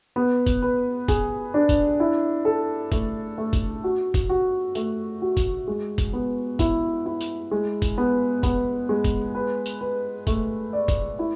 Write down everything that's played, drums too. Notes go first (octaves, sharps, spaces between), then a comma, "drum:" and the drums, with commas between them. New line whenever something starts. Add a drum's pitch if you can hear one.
B3
drum: kick, tambourine
B4
G#4, drum: kick, tambourine
D4
drum: kick, tambourine
E4
A4
A3, drum: kick, tambourine
A3
drum: kick, tambourine
F#4
drum: kick, tambourine
F#4
A3, drum: tambourine
F#4
drum: kick, tambourine
G#3
drum: kick, tambourine
B3
E4, drum: kick, tambourine
E4
drum: tambourine
G#3
drum: kick, tambourine
B3
B3, drum: kick, tambourine
G#3
drum: kick, tambourine
B4
drum: tambourine
B4
A3, drum: kick, tambourine
D5
drum: kick, tambourine
E4